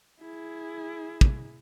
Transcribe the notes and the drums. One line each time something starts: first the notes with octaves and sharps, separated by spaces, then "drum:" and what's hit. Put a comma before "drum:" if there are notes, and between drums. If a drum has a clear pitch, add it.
E4 G#4
drum: kick